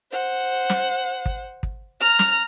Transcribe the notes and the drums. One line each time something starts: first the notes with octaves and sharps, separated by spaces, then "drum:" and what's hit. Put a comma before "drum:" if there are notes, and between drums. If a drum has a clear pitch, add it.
C5 F#5
drum: snare
drum: kick
drum: kick
A#5 F6
drum: snare